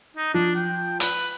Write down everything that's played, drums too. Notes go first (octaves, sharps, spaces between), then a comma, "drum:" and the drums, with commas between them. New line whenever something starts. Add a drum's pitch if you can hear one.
D#4
F3 D4
G5
B4, drum: hi-hat